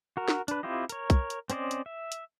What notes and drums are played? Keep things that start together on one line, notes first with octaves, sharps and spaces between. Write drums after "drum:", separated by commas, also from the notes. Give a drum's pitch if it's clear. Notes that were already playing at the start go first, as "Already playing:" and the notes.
F#4 A#4
drum: snare
D4 B4, drum: hi-hat
C4 E4 F4 G4 D#5
A#4 C#5, drum: hi-hat
drum: kick B1, hi-hat
drum: hi-hat
C4 C#4 C5 D5 D#5, drum: hi-hat
drum: hi-hat
E5
drum: hi-hat